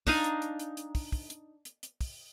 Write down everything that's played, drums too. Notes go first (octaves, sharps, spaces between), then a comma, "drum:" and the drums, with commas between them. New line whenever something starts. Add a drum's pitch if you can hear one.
D4 D#4 F5 G#5, drum: kick, open hi-hat
drum: hi-hat
drum: hi-hat
drum: hi-hat
drum: hi-hat
drum: kick, open hi-hat
drum: kick, open hi-hat
drum: hi-hat
drum: hi-hat
drum: hi-hat
drum: kick, open hi-hat